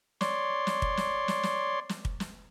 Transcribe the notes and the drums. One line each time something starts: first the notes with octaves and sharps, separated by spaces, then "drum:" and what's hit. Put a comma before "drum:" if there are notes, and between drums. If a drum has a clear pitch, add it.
C#5 D5 C6, drum: snare
drum: snare
drum: kick
drum: snare
drum: snare
drum: snare
drum: snare
drum: kick
drum: snare